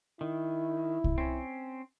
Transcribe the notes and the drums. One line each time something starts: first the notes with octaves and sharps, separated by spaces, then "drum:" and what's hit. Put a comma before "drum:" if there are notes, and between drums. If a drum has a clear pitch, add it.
D#3 E4
drum: kick C2
C4 C#4